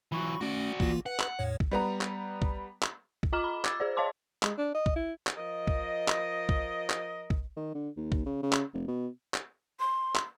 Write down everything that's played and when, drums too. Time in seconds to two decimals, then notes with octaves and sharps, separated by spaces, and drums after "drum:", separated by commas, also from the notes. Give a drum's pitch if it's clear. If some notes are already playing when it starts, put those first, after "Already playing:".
0.12 E3 F#3 B5 C#6
0.41 A3 C#4 F#4 D5
0.80 E3 A#3 F4, drum: kick
1.06 B4 F#5
1.19 drum: clap
1.39 E2 A2 C#5
1.60 drum: kick
1.71 G3 B3 A#5
2.01 drum: clap
2.42 drum: kick
2.82 drum: clap
3.23 drum: kick
3.33 F4 D#5 A#5 D6 F6 E7
3.44 B5
3.65 D6 E6 G#6 A6, drum: clap
3.80 G#4 C5 D5
3.97 C#5 D#5 F5 A5 C6 D6
4.43 G#3, drum: clap
4.58 D4
4.74 D#5
4.86 drum: kick
4.96 E4
5.27 drum: clap
5.37 F3 A#4 D#5
5.67 drum: kick
6.08 drum: clap
6.49 drum: kick
6.90 drum: clap
7.30 drum: kick
7.57 D#3
7.75 D3
7.97 D#2
8.12 drum: kick
8.26 C#3
8.43 C#3
8.52 drum: clap
8.74 F1
8.88 B2
9.34 drum: clap
9.80 C6
10.15 drum: clap